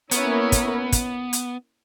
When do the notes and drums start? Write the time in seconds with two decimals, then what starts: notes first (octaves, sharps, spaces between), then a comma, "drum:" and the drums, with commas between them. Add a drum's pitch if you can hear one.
0.11 A#3 B3 C#4 E4 A#4 C#5, drum: hi-hat
0.52 drum: kick, hi-hat
0.92 drum: kick, hi-hat
1.33 drum: hi-hat